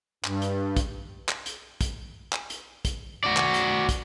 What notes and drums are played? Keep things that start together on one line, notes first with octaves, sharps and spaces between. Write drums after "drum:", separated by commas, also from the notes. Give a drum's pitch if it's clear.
G2, drum: clap
drum: hi-hat
drum: kick, hi-hat
drum: clap
drum: hi-hat
drum: kick, hi-hat
drum: clap
drum: hi-hat
drum: kick, hi-hat
F#4 D5
drum: clap
drum: hi-hat
drum: kick, hi-hat